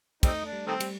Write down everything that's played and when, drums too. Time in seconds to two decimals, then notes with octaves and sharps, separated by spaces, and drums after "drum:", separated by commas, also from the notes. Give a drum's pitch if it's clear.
0.23 G3 A3 C4 D#4, drum: kick, cymbal
0.43 A3 D4
0.53 G3
0.67 D#3 A3 C4
0.80 G3, drum: cymbal